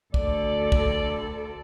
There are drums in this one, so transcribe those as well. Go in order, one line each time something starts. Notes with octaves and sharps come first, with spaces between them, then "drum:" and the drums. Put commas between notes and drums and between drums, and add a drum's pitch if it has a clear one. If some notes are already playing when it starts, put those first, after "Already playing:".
D2 A4 D5, drum: kick
drum: kick